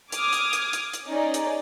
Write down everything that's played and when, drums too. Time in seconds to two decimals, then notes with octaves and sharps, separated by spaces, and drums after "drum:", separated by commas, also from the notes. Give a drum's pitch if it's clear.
0.12 D6 D#6 F6 G#6, drum: hi-hat
0.33 drum: hi-hat
0.53 drum: hi-hat
0.73 drum: hi-hat
0.93 drum: hi-hat
1.08 C#4 D#4 G#4 D5
1.34 drum: hi-hat